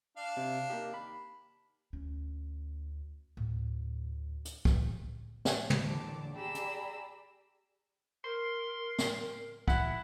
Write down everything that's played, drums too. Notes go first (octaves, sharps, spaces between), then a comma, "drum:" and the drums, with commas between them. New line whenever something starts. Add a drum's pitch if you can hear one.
D4 F5
C3
A#3 D#4 G4
B5
D2 C#4
D2 A2
drum: hi-hat
drum: kick
drum: snare
drum: tom
D#2 D3 E3 A5 D6
G4 G#4 D5 A#5 B5 E6
drum: hi-hat
A#4 C6
drum: snare
E4 F#5 F#6, drum: kick